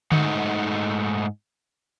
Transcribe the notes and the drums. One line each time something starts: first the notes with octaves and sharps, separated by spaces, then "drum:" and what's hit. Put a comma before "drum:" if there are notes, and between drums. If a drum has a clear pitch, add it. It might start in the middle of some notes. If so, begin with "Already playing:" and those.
G#2 A3 D#4 F#4, drum: tom D3